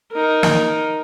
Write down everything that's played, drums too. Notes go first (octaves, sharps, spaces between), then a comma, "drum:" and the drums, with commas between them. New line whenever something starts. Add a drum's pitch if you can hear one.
D#4 A#4
drum: snare